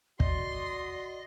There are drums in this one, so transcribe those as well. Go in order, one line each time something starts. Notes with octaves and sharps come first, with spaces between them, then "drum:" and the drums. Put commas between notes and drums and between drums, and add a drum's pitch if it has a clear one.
F#4 D5 D#5 C6, drum: kick